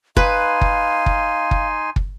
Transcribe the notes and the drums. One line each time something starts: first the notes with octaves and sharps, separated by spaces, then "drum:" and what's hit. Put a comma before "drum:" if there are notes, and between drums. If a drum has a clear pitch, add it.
D#4 B4 F5 G#5 C6, drum: kick
drum: kick
drum: kick
drum: kick
drum: kick